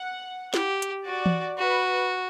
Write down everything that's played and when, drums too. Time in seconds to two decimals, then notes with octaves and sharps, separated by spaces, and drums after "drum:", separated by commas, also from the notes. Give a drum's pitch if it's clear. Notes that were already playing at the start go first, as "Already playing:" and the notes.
Already playing: F#5
0.54 G4, drum: snare
0.82 drum: hi-hat
1.06 F#4 D5
1.26 drum: tom E3
1.58 F#4 B4